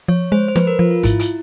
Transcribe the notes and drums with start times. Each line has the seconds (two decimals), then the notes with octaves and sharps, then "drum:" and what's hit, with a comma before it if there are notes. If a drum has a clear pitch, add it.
0.08 F3 C#5
0.32 G#3 C5
0.48 C5
0.56 F3 B4, drum: snare
0.67 A#4
0.79 F3 F4
0.91 F4
1.03 G#2 E4, drum: kick, hi-hat
1.19 drum: hi-hat